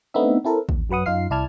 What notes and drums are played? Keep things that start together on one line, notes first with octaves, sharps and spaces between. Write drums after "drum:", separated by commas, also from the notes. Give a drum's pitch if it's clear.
A3 B3 C4 D4 D#4 E5
C4 E4 A4 A#4
D#2, drum: kick
F#2 F#3 B4 F#5 D#6
F#2 D#4 F4 F5 C7
C2 E4 D5 A5 F6 G#6